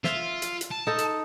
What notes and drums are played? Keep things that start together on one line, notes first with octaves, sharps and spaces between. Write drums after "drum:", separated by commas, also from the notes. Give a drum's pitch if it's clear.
F4 E5, drum: snare
drum: hi-hat
drum: hi-hat
A5
D#4 A4
drum: hi-hat